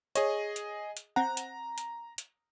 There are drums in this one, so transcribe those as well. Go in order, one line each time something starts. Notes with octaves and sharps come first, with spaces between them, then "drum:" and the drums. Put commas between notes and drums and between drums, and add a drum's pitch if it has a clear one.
G#4 C#5 D#5, drum: hi-hat
drum: hi-hat
drum: hi-hat
C4 F#5 A#5
drum: hi-hat
drum: hi-hat
drum: hi-hat